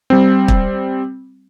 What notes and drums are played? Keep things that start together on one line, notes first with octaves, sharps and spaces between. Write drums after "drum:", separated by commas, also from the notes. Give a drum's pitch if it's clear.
G3 C4
drum: kick